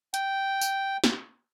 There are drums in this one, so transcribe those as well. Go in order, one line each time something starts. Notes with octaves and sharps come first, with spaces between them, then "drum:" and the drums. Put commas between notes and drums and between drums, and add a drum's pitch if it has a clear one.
G5, drum: hi-hat
drum: tambourine
drum: snare